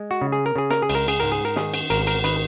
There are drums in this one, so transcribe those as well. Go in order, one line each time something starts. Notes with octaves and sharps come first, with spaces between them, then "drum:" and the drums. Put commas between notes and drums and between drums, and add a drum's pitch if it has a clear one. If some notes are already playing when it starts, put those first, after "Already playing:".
Already playing: G#3
F#4
C#3
G#4
A#4
C#3 G#4
A#4, drum: snare
G#4
C#2, drum: cymbal
A#4
G#4, drum: cymbal
G#2 A#4
G#4
A#4
D#3 G#4, drum: snare
drum: cymbal
G#1 A#4, drum: cymbal
A#4, drum: cymbal
D#3 B4, drum: cymbal